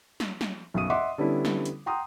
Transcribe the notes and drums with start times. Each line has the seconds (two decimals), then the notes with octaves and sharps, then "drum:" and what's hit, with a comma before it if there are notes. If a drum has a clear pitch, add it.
0.20 drum: snare
0.41 drum: snare
0.74 B1 F#2 F#4 D#6 D#7
0.90 D#5 E5 F#5 C6 D6
1.18 D3 G3 B3 C#4 D4 E4
1.45 drum: snare
1.65 drum: hi-hat
1.86 F#5 G5 A#5 C6 D#6